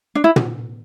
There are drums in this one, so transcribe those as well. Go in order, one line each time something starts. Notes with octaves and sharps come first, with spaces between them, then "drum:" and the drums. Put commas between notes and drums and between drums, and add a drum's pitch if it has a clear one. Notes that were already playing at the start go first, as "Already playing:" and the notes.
D4
E4
drum: tom